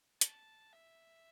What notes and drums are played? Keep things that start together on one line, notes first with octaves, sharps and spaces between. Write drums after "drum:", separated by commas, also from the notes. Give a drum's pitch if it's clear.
A5, drum: hi-hat
E5